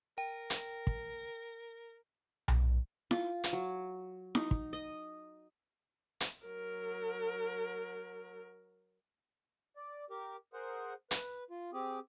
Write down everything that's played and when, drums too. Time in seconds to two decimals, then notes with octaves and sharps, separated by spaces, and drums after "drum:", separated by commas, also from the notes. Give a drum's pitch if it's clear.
0.18 A#4 G5
0.50 drum: hi-hat
0.87 drum: kick
2.48 drum: tom B1
3.11 F4, drum: snare E4
3.44 drum: hi-hat
3.53 F#3
4.35 D#4, drum: snare E4
4.51 drum: kick
4.73 D#5
6.20 drum: hi-hat
6.45 F#3 A#4
9.76 D5
10.10 G4 A#4
10.53 G#4 A#4 C5 F#5
11.11 B4, drum: hi-hat
11.50 F4
11.73 C4 G4 G#4